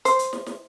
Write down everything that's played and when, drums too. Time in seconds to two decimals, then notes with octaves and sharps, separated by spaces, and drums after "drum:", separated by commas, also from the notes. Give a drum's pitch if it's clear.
0.05 C5, drum: hi-hat
0.19 drum: hi-hat
0.33 drum: snare
0.46 drum: snare